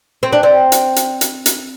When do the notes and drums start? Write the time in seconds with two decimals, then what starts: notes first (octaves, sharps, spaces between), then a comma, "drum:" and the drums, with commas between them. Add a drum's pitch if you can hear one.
0.23 C4
0.33 D4
0.43 C4
0.72 drum: hi-hat
0.96 drum: hi-hat
1.21 drum: hi-hat
1.46 drum: hi-hat